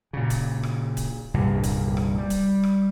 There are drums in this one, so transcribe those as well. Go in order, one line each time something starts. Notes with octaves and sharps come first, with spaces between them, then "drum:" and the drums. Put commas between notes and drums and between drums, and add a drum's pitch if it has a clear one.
A#2 C#3
drum: kick D1, hi-hat
drum: rim click
drum: kick D1, hi-hat
C2 G2 A#2 D3
drum: kick D1, hi-hat
drum: rim click
G3
drum: kick D1, hi-hat
drum: rim click